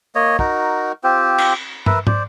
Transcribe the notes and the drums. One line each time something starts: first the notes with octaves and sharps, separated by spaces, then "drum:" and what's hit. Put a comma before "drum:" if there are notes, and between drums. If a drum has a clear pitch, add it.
A#3 C#5 D#5
D#4 F#4 A#4, drum: kick
C4 F4 G4 C5
drum: cymbal
A#4 B4 E5, drum: tom
C5 D5, drum: tom